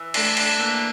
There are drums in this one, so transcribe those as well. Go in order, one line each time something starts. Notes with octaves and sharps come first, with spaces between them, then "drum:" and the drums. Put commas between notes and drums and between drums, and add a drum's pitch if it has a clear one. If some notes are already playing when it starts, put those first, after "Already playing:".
Already playing: E3
A3 D4, drum: cymbal
D4, drum: cymbal
E3 A#3